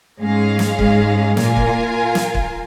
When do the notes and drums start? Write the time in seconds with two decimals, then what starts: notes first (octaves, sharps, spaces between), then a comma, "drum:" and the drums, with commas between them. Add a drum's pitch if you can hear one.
0.20 G#2 G#3 C#4 G#4 F5
0.59 drum: snare
0.79 G#2 G#3, drum: kick C#1
1.37 A#2 A#3 F4 A#4 F5 G#5, drum: snare
1.56 drum: kick C#1
2.15 drum: snare
2.35 drum: kick C#1